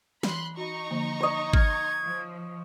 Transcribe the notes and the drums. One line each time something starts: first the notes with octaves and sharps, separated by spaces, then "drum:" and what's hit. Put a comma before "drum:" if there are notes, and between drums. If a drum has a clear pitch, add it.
E3 B5 C6 F#6, drum: snare
D#4 F#4 A#5 B5 C#6
D3 F3 A#3
C#5 D#5
F6 G#6, drum: kick G#1
F3